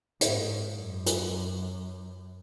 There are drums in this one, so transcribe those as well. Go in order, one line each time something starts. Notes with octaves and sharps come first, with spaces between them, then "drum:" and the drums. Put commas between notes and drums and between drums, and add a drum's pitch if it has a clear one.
G#2, drum: hi-hat
F#2
drum: hi-hat